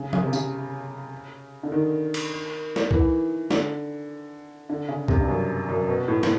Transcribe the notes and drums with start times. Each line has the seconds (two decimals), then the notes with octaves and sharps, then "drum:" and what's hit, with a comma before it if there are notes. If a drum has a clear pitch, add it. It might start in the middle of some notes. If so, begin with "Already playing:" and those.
Already playing: C#3
0.13 C#3, drum: tom
0.23 C3
0.33 C#3, drum: tambourine
1.63 D3
1.72 D#3
2.14 drum: cymbal
2.76 drum: snare
2.91 E3, drum: kick C2
3.51 D3, drum: snare
4.69 D3
4.89 C#3
5.08 C3, drum: kick C2
5.20 G2
5.28 F#2
5.69 F#2
5.88 B2
6.08 A2
6.23 A2, drum: snare